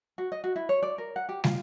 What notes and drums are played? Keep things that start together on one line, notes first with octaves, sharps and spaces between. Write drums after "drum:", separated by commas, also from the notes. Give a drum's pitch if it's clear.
F#4
D#5
F#4
E4
C#5
D5
A#4
F#5
G4
F4, drum: snare